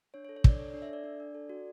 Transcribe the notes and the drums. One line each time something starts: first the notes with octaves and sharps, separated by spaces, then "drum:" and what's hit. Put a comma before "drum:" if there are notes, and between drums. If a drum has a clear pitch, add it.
D4 C#5
C#5
A4
C#5
D4 D5, drum: kick
A4 C#5
D4 D5
E5
A4 D5
D4
D4
A4
F#4